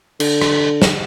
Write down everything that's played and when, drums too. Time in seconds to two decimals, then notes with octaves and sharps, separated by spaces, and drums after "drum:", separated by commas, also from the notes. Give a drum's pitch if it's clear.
0.20 D3, drum: cymbal
0.42 drum: rim click
0.82 drum: snare